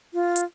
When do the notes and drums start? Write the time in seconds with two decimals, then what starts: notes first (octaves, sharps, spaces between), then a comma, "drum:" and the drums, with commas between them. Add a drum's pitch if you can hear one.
0.14 F4
0.36 drum: hi-hat